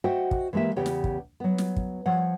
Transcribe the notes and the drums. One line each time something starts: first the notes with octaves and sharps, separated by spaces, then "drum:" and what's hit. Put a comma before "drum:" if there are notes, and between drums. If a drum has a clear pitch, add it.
F#4 C5 D#5 E5 F#5 G5
drum: kick
E3 G#3 A#3 G4 E5
E2 C#3 B3 G4 C#5 G5
drum: snare
drum: kick
F#3 B3
drum: snare
drum: kick
F3 C#5 F#5